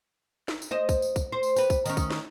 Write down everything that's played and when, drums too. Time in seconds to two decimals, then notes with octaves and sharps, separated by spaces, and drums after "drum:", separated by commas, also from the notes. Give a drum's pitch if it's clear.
0.48 drum: snare
0.62 drum: tambourine
0.71 C5 D#5
0.89 drum: kick, tambourine
1.02 drum: tambourine
1.16 drum: kick, tambourine
1.32 C5
1.43 drum: tambourine
1.56 G4 B4, drum: tambourine
1.70 drum: kick, tambourine
1.86 D#3 C#4, drum: tambourine
1.97 drum: kick, tambourine
2.11 drum: snare